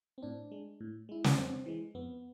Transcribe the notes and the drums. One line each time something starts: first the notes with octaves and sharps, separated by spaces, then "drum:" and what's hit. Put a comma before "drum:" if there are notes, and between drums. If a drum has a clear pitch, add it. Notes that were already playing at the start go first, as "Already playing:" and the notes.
C4
A2 D4
G#3
A2
G#3 E4
D4, drum: snare
F2 C4
E3 G#3
F2 B3